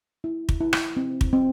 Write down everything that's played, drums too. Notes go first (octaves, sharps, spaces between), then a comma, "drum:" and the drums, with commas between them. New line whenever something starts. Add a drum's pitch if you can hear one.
E4
drum: kick
E4
drum: rim click
C4
drum: kick
C4